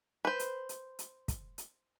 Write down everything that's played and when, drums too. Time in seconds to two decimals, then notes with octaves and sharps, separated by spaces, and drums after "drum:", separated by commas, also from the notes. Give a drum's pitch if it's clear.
0.25 B4 C5
0.39 drum: hi-hat
0.69 drum: hi-hat
0.99 drum: hi-hat
1.28 drum: kick, hi-hat
1.58 drum: hi-hat